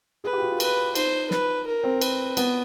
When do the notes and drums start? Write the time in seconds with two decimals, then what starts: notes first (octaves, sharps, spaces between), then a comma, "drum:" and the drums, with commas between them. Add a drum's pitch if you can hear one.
0.24 G#4 B4
0.33 G4
0.38 F4
0.42 F#4
0.52 F4
0.60 B4, drum: cymbal
0.95 D#4 C5, drum: cymbal
1.31 B4, drum: snare
1.67 A#4
1.84 C4
2.01 B4, drum: cymbal
2.37 B3, drum: cymbal